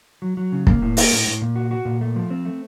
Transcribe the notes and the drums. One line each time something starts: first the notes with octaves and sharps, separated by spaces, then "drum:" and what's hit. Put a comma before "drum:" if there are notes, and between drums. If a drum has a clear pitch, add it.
F#3
F#3
C#3
A#3, drum: kick
A2
A#3, drum: open hi-hat
A2
A2
A#2
F#4
F#4
A#2
A3
F3
C4
A3